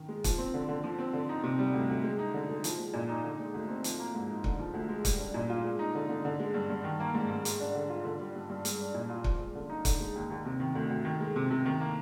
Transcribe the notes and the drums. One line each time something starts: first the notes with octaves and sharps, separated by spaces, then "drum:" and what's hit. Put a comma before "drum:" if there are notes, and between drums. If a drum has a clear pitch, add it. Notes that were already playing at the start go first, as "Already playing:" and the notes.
Already playing: D#3
G#3
F3, drum: kick, hi-hat
C4
D3
D3
F3
C4
D3
D#4
C3
G3
D2
D2
G#3
D#4
D3
D3
F3, drum: hi-hat
G#3
A#2
D#4
D3
G#3
D2
C4
F3, drum: hi-hat
A#3
G#2
D#4
D3, drum: kick
F3
D2
G#3
G3, drum: kick, hi-hat
D4
A#2
F4
G#3
D#4
D3
D3
D3
G#3
G2
G2
D#3
A#3
G#2
G#2
G#3, drum: hi-hat
D4
D3
F4
D3
G3
G2
G2
G#3, drum: hi-hat
D4
A#2
F4
F3, drum: kick
G#3
D3
D#4
D3, drum: kick, hi-hat
G#3
D#2
D#2
C3
D#3
D2
D2
D#3
G#3
C3
C3
D#3
A#3